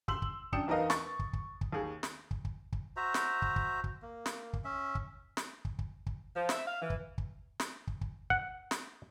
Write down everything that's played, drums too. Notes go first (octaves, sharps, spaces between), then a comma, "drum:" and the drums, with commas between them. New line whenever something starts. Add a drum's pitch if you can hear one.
C6 E6 F#7, drum: kick
drum: kick
F#2 D4 G5 D#6 C#7 E7, drum: kick
E2 D#4 A#4 B4 D#5 F5
C#6 A6, drum: snare
drum: kick
drum: kick
drum: kick
D#2 G#4
drum: snare
drum: kick
drum: kick
drum: kick
F#4 C5 E5 A#5
drum: snare
drum: kick
drum: kick
drum: kick
A#3
drum: snare
drum: kick
C#4 E5
drum: kick
drum: snare
drum: kick
drum: kick
drum: kick
F3
E5, drum: snare
F5
E3
drum: kick
drum: kick
drum: snare
drum: kick
drum: kick
F#5, drum: kick
drum: snare